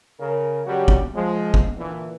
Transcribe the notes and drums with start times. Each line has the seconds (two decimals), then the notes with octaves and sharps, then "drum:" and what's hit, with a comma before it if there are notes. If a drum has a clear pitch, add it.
0.19 C#3 A#4
0.66 C#3 F#3 G3 F#4 G4
0.88 drum: kick
1.15 F3 G#3
1.54 drum: kick
1.77 A#2 D3 E3